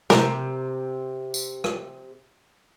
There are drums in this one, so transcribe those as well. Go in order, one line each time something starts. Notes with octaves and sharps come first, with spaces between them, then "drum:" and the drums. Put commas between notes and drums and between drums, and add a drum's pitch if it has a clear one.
C3 A#4, drum: snare
drum: tambourine
drum: rim click